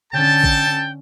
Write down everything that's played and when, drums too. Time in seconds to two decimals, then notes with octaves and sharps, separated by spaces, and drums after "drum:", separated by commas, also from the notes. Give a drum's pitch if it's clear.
0.13 D3 C#4 A4 G5 A5
0.44 drum: kick G#1